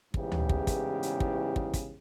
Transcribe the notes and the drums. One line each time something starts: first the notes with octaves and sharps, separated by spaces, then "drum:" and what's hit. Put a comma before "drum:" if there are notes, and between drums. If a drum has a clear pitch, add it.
A1 E2 G#2 C#3 E3 G4, drum: kick
drum: tom D2
drum: kick
drum: kick, hi-hat
drum: hi-hat
drum: kick
drum: kick
drum: kick, hi-hat